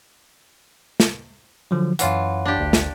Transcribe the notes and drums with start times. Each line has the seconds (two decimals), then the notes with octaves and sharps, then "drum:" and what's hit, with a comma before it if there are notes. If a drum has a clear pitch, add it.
1.00 drum: snare
1.71 D3 F3 F#3
1.99 F#2 E3 F4 C#5 F#5, drum: hi-hat
2.45 D4 G4
2.57 G#1 D2
2.73 drum: snare